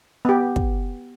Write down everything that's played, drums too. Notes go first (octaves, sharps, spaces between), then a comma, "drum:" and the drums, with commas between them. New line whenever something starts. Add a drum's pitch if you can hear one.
B3 G4
drum: kick